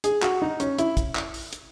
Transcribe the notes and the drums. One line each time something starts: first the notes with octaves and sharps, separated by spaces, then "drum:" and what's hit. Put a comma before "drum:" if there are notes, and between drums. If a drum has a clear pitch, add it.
G#4, drum: hi-hat
F#4, drum: clap
D#4
C#4, drum: hi-hat
E4, drum: hi-hat
drum: kick, hi-hat
drum: clap
drum: open hi-hat
drum: hi-hat